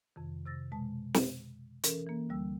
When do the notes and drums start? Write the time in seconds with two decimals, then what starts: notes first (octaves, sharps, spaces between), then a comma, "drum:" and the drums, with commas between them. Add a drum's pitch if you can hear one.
0.16 F2 C3 D#3
0.46 C3 E6 A6 A#6
0.72 B2 G#3 A5
1.14 drum: snare
1.84 E3 C#4 A4 A#4, drum: hi-hat
2.07 E3 A#3
2.29 D2 D3 G3 E6